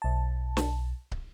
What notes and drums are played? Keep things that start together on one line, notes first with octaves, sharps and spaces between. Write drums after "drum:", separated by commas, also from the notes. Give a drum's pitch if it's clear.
B1 A5
drum: snare
drum: kick